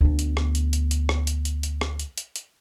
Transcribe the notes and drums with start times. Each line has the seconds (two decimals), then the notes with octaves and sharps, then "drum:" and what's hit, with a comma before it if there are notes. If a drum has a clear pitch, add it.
0.01 D2 B3
0.19 drum: hi-hat
0.37 drum: rim click
0.55 drum: hi-hat
0.73 drum: hi-hat
0.91 drum: hi-hat
1.09 drum: rim click
1.27 drum: hi-hat
1.45 drum: hi-hat
1.63 drum: hi-hat
1.81 drum: rim click
1.99 drum: hi-hat
2.18 drum: hi-hat
2.36 drum: hi-hat